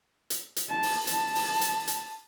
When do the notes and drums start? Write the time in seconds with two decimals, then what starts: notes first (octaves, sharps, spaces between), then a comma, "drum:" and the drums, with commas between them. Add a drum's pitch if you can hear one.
0.30 drum: hi-hat
0.56 drum: hi-hat
0.70 A5
0.83 drum: open hi-hat
1.07 A5, drum: hi-hat
1.35 drum: open hi-hat
1.61 drum: hi-hat
1.87 drum: hi-hat